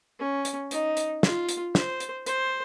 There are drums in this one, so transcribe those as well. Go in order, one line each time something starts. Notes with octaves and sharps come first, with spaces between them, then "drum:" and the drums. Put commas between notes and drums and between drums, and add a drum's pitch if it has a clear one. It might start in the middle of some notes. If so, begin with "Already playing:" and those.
C#4
drum: hi-hat
D#4, drum: hi-hat
drum: hi-hat
F4, drum: snare
drum: hi-hat
C5, drum: snare
drum: hi-hat
C5, drum: hi-hat